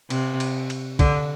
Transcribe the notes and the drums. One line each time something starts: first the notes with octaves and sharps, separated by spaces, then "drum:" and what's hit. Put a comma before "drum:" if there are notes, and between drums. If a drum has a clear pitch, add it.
C3, drum: cymbal
drum: cymbal
drum: cymbal
D3, drum: kick, cymbal